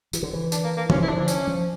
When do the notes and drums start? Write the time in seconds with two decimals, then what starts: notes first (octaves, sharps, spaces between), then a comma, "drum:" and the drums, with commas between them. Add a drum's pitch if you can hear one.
0.13 E3, drum: tambourine
0.23 D3
0.33 E3
0.52 D4, drum: tambourine
0.64 A#3
0.77 A#3
0.90 F3 C#4, drum: tom
1.02 E3 E4
1.08 F3 D4
1.20 D4
1.28 C#4, drum: tambourine
1.47 F3